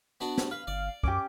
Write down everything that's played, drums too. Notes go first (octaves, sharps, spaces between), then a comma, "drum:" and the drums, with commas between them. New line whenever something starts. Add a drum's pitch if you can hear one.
B3 D4 F#4
drum: snare
B4 F5
G1 D5
F#2 C#4 G4 D6, drum: kick